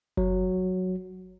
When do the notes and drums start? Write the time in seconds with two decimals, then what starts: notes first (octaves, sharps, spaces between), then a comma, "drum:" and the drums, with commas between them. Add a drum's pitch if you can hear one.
0.17 F#3, drum: kick F#1